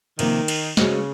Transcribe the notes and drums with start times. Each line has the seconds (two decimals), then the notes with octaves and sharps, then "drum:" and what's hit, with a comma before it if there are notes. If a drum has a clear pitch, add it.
0.19 C3 D#3 F3 A#3, drum: cymbal
0.48 drum: cymbal
0.77 C#3 G#3 C#4 F#4 C5 D#5, drum: snare